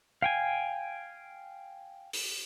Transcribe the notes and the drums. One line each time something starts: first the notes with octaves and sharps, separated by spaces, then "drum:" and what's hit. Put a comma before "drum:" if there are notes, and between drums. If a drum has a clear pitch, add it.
F5 G5 G#5
drum: open hi-hat